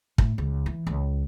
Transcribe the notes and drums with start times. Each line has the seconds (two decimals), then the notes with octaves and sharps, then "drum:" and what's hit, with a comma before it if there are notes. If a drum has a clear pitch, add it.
0.18 A2, drum: kick
0.38 C#2
0.66 E3
0.87 C#2